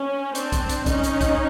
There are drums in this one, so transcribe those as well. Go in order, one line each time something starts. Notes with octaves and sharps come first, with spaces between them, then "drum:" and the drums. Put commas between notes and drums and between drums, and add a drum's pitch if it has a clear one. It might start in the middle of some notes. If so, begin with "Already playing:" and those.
Already playing: C#4
C4 D4, drum: hi-hat
drum: kick, hi-hat
drum: hi-hat
C#4 D#4, drum: kick, hi-hat
drum: hi-hat
drum: kick, hi-hat